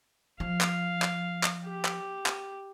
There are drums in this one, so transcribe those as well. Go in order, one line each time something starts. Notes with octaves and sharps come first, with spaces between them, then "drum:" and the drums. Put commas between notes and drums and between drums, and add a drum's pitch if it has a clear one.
F3 F5
drum: clap
drum: clap
drum: clap
G4
drum: clap
drum: clap